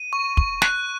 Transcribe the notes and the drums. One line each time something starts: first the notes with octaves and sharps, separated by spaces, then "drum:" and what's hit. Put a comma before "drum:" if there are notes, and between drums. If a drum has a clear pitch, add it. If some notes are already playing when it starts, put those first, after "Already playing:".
Already playing: D#7
C#6
C#6, drum: kick
F#6, drum: snare